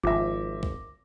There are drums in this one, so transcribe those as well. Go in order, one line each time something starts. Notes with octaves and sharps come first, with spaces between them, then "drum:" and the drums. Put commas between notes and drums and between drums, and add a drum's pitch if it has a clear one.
G#1 F3 E5 D6 A#6
drum: kick B1